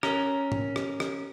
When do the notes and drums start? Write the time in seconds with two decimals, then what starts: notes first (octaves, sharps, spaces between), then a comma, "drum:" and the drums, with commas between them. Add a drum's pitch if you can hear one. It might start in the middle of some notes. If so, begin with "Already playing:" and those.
0.03 C#4 A#4, drum: rim click
0.52 drum: tom G#2
0.76 drum: rim click
1.00 drum: rim click